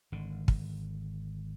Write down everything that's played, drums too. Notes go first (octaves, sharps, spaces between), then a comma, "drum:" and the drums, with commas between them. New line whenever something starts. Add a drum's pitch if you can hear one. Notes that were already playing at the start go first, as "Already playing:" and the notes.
G#1 D3
drum: kick